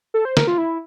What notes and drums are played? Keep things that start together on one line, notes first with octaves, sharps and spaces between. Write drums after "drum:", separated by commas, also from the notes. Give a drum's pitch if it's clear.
A4
C5
A#4, drum: snare
F4
E4